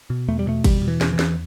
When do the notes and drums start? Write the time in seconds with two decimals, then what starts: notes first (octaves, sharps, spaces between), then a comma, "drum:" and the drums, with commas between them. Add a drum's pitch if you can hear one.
0.10 B2
0.28 E2 A3
0.39 G3
0.46 B2 A3
0.64 E2 G3, drum: kick G1, cymbal
0.82 B2
0.88 E3
1.01 E2, drum: snare
1.13 E3
1.19 E2, drum: snare